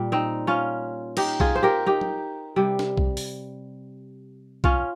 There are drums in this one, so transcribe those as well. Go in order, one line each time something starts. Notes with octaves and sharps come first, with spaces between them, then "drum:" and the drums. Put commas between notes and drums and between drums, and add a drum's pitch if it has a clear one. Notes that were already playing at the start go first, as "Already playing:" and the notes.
Already playing: A#2 G3
C4 D#4
C#4 F4
D#4 G4, drum: cymbal
F4 G#4, drum: kick B1
C5
G4 A#4
D#4 G4
drum: tom F#3
C3 G3
drum: snare
drum: kick B1
drum: open hi-hat
C#4 F4, drum: kick B1